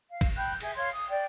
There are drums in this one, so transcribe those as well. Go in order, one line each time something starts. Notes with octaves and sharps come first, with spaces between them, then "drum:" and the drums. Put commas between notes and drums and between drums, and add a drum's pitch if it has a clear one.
F5
drum: kick A1, cymbal
G5 B5 F#6 G6
G#4 E5, drum: cymbal
C#5 F5 C6
D#6
D5 G5